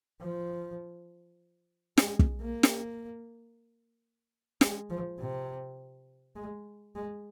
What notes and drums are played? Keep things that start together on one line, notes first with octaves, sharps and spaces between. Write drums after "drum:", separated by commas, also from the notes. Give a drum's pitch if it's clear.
F3
G#3, drum: snare
drum: kick
A#3
drum: snare
G#3, drum: snare
F3
C3
G#3
G#3